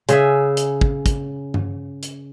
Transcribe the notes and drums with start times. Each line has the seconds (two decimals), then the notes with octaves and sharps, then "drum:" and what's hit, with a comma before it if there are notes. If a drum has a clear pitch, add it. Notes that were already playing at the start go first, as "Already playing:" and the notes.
0.09 C#3 G#4 E5, drum: hi-hat
0.57 drum: hi-hat
0.81 drum: kick
1.06 drum: kick, hi-hat
1.54 drum: tom G2
2.03 drum: hi-hat